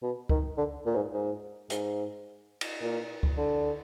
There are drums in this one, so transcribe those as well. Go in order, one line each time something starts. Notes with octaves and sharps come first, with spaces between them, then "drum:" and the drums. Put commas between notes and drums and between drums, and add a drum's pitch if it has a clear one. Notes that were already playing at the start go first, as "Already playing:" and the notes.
B2
D#3, drum: kick C#2
D3
A#2
G#2
G#2
G#2, drum: hi-hat
drum: cymbal
A#2
drum: kick C#2
D3